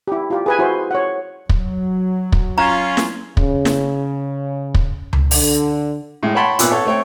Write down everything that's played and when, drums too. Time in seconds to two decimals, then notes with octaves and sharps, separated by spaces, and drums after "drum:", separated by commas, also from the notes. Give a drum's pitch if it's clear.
0.08 E4 G4
0.30 F4 G4
0.46 G#4 B4 G#5
0.59 E4 F#4 G#4 C5
0.91 C#5 F#5
1.49 F#3, drum: kick
2.32 drum: kick
2.58 C#4 F4 A#5
2.97 drum: snare
3.37 C#3, drum: kick
3.65 drum: snare
4.74 drum: kick
5.13 drum: tom C#2
5.31 D3, drum: open hi-hat
6.23 A2 G#3
6.35 C#5 F#5 G5 A5 B5 C6
6.59 G#1 A#2 B3 D6 E6 F#6, drum: hi-hat
6.71 A4 C#5 F#5
6.85 A3 C4 C#5 G5